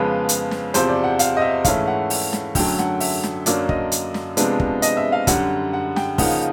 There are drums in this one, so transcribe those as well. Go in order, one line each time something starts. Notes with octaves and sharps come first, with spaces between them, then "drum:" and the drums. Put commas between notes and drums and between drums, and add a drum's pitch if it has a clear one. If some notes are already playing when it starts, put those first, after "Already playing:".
Already playing: F2 C#3 F3 G#3 B3 B4
drum: hi-hat
drum: snare
E2 C3 F3 C5, drum: hi-hat
D5
F#5
F5, drum: hi-hat
D#5
E5
G#2 E3 A3 C#4 E4 F5, drum: kick, hi-hat
F#5
drum: open hi-hat
drum: snare
F#2 D3 F#3 A3 G5, drum: kick, open hi-hat
F#5, drum: snare
E5, drum: open hi-hat
drum: snare
F#2 D3 F#3 A#3 D4 D5, drum: hi-hat
D#5, drum: kick
drum: hi-hat
drum: snare
C3 F3 G#3 B3 D4, drum: hi-hat
drum: kick
D#5, drum: hi-hat
E5
F5
F#2 D3 G3 F#5, drum: kick, hi-hat
F#5
G5, drum: snare
C#3 F3 A#3 D#4 F#5, drum: kick, open hi-hat